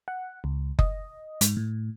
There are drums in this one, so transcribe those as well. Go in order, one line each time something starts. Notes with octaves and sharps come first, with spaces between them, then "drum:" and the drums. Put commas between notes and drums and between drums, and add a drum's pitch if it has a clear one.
F#5
C#2
D#5, drum: kick F#1
G#2, drum: hi-hat
A2